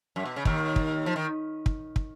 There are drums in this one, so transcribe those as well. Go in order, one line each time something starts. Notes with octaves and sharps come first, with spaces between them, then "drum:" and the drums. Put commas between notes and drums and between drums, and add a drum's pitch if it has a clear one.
F#2
B2
C#3
D#2 D#3, drum: kick
drum: kick
F3
D#3
drum: kick
drum: kick